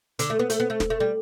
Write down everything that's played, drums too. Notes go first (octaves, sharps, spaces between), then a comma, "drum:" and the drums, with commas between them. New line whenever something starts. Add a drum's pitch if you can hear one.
D3, drum: hi-hat
A3
B3
A3, drum: hi-hat
B3
A3
drum: snare
A3
G3